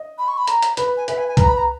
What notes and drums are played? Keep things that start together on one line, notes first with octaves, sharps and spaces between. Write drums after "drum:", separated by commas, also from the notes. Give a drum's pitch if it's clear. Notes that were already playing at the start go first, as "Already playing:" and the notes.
Already playing: D#5
B5
C#6
B5
A#5, drum: hi-hat
drum: hi-hat
B4 B5, drum: hi-hat
G#5
B4 E5, drum: hi-hat
G#5
G#5
B4 A#5, drum: kick C2, hi-hat
B5
A#5